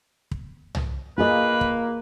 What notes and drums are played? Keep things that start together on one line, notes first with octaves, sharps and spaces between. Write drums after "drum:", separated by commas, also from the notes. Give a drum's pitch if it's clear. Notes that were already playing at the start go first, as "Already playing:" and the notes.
drum: kick
drum: tom
A#3 F4 G#4 B4 D#5
drum: kick